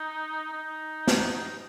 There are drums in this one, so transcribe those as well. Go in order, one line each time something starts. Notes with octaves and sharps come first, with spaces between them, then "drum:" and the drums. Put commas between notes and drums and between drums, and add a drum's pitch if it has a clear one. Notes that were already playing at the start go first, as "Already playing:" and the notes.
Already playing: D#4
D#4
drum: snare